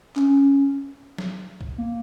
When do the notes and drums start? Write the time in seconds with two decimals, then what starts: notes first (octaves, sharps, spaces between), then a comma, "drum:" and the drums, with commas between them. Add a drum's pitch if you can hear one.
0.16 C#4, drum: clap
1.18 drum: snare
1.61 drum: kick
1.78 A#3